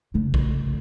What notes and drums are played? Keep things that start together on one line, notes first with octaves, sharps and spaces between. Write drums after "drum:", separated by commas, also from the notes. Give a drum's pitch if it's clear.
F1 C#3
drum: kick